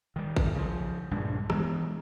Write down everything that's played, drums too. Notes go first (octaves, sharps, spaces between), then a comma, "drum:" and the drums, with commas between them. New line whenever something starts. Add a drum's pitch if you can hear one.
D#3 G3
drum: kick A1
C#3 F3
A#1 G2 G#3 D4
E3 G#3 B3, drum: rim click